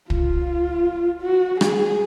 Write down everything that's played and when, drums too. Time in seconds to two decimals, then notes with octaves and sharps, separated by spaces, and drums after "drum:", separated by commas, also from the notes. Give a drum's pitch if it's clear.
0.10 F4, drum: kick
1.22 F#4
1.61 G#4, drum: rim click